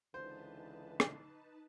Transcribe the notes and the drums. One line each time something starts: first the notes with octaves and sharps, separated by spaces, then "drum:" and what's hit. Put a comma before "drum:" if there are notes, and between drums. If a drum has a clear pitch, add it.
C#2 D3 E3 D#4 B4 C5 A5
drum: rim click